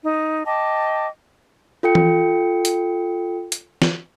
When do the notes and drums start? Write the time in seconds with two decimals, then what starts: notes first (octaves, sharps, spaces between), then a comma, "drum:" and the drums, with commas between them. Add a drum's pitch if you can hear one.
0.03 D#4
0.46 D#5 G5 A5 D6
1.83 F4 A4 G5 C#7
1.95 drum: tom E3
2.65 drum: hi-hat
3.52 drum: hi-hat
3.82 drum: snare